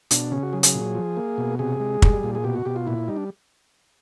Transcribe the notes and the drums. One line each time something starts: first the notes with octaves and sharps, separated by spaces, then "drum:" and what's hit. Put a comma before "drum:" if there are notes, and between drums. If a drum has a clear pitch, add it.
B2 D4, drum: hi-hat
C#3 C#4
F#4
F#3 G#4
G#4, drum: hi-hat
A#2
F3
A#3
B2
C3 G#4
G#3
G3, drum: kick
A#2
G#4
B2 G4
F#4
B2 G4
F4
A#2 E4
G3 D#4
D4